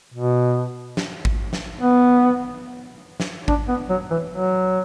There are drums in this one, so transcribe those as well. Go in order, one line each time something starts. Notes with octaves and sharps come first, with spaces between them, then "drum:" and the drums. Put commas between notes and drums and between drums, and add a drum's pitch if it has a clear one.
B2
drum: snare
drum: kick G#1
drum: snare
B3
drum: snare
D4, drum: kick G#1
B3
F#3
E3
F#3